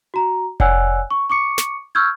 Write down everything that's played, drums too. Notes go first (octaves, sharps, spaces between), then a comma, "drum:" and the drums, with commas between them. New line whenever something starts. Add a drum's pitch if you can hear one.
F#4 A#5
C#5 D5 F#5 G#5 E6 F#6, drum: kick F1
C#6
C#6 D6 C#7
drum: snare
C#6 E6 F6 G6 G#6